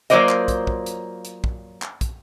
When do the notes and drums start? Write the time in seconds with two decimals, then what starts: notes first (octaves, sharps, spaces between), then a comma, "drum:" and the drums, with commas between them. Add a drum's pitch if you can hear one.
0.10 F#3 A#3 F4 C5 D5 D#5, drum: hi-hat
0.29 drum: clap
0.48 drum: kick, hi-hat
0.67 drum: kick
0.86 drum: hi-hat
1.25 drum: hi-hat
1.44 drum: kick
1.82 drum: clap
2.01 drum: kick, hi-hat